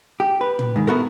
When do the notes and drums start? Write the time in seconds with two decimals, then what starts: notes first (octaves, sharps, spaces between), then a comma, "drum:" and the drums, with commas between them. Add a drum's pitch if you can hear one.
0.20 G4
0.41 B4
0.59 drum: tom
0.76 G#2 D#3
0.87 B3 E4 F#4 A4 A#4